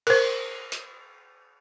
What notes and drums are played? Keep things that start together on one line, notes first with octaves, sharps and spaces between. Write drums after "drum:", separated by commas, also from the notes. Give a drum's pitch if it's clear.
A#4 C5, drum: cymbal
drum: hi-hat